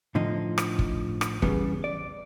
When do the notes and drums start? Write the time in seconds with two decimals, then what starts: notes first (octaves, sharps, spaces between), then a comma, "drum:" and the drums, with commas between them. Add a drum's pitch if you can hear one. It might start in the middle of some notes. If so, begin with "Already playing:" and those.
0.15 A2 D3 F3 D#4
0.58 drum: rim click
0.79 drum: kick
1.21 drum: rim click
1.42 E2 C#3 G3 B3, drum: kick
1.84 D5